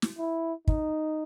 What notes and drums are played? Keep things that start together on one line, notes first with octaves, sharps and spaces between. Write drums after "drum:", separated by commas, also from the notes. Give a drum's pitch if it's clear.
drum: snare
E4
D#4, drum: kick